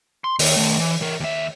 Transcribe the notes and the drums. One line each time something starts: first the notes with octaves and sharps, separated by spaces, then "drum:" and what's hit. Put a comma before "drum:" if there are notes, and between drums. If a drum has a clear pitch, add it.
C6
D#2, drum: open hi-hat
D#3 A3
E3
E3 A#4
D#2 E5